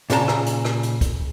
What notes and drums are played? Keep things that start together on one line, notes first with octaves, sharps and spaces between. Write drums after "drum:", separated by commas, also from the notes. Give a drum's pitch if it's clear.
A#2 C#3 A#4 A5 A#5, drum: hi-hat
drum: rim click
drum: hi-hat
drum: rim click
drum: hi-hat
drum: kick, hi-hat